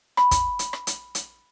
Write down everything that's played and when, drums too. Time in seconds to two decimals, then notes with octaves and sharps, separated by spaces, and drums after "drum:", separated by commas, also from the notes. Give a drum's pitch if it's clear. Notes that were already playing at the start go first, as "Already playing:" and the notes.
0.17 B5, drum: rim click
0.31 drum: kick, hi-hat
0.59 drum: hi-hat
0.73 drum: rim click
0.87 drum: hi-hat
1.15 drum: hi-hat